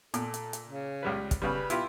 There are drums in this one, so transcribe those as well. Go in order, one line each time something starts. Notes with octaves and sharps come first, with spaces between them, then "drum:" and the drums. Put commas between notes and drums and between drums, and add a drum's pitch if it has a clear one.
A#2 A4, drum: hi-hat
drum: hi-hat
drum: hi-hat
C#3
C#2 G3 B4
drum: kick, hi-hat
C#3 G3 B4
E4 F4 G4, drum: hi-hat